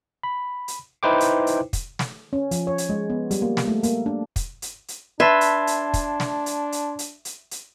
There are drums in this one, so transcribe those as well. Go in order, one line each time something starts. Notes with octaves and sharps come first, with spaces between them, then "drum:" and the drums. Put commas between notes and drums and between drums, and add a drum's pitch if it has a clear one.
B5
drum: hi-hat
D#4 E4 B4 C5 G5 D6
drum: hi-hat
drum: hi-hat
drum: kick, hi-hat
drum: snare
C#4
F3, drum: hi-hat
C#5
drum: hi-hat
G#3
B3
G3, drum: hi-hat
A#3
drum: snare
A3
A#3, drum: hi-hat
D4
drum: kick, hi-hat
drum: hi-hat
drum: hi-hat
D4 B4 E5 A5 C6 G#6
drum: hi-hat
drum: hi-hat
drum: kick, hi-hat
drum: snare
drum: hi-hat
drum: hi-hat
drum: hi-hat
drum: hi-hat
drum: hi-hat